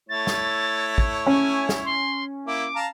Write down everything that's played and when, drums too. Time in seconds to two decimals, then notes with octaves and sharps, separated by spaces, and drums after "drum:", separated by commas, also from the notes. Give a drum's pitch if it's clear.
0.09 A3 E4 C#5 A6
0.27 drum: snare
0.98 drum: kick
1.27 C#4 G#5
1.69 drum: snare
1.85 C6
2.47 A#3 E4 D6
2.75 F5 A5 A#5